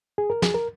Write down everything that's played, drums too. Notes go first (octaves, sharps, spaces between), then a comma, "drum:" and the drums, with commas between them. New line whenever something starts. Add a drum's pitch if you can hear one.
G#4
A#4
G#4, drum: snare
A#4